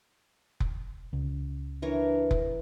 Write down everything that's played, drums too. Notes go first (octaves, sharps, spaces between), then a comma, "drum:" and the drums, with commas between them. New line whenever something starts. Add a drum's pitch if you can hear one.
drum: kick F1
C#2
E3 D4 A#4 C#5
drum: kick F1